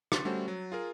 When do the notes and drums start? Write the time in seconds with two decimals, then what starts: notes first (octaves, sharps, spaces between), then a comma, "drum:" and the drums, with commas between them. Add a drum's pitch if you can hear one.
0.12 C6 A6, drum: rim click
0.25 G3 A3 C#4 F#4 A4 C5
0.48 F#3
0.72 F4 G#4 A#4